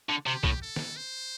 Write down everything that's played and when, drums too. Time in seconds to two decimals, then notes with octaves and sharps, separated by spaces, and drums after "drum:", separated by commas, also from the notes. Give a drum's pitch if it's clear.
0.09 D3
0.26 C3 G4
0.44 A2, drum: kick C2
0.62 A4
0.76 drum: snare
0.96 C5